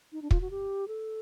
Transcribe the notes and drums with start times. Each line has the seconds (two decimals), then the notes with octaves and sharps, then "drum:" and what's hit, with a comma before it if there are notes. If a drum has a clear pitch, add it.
0.12 D#4
0.22 D4
0.31 F4, drum: kick
0.41 F#4
0.51 G4
0.88 A4